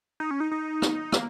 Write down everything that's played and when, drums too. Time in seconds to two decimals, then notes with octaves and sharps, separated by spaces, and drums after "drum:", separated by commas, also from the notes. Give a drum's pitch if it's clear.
0.20 D#4
0.31 C#4
0.40 D#4
0.51 D#4
0.82 drum: rim click
1.12 A#3, drum: rim click